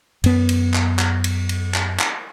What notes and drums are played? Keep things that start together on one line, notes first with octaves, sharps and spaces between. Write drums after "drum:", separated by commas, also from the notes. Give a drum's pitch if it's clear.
F#2 B3, drum: cymbal
drum: cymbal
drum: clap
drum: clap
drum: cymbal
drum: cymbal
drum: clap
drum: clap